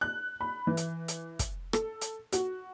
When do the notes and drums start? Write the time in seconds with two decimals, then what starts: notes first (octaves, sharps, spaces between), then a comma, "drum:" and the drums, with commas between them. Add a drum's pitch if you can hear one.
0.01 F#6
0.41 B5
0.67 E3
0.77 drum: hi-hat
1.08 drum: hi-hat
1.39 drum: kick, hi-hat
1.73 A4, drum: rim click
2.01 drum: hi-hat
2.33 F#4, drum: hi-hat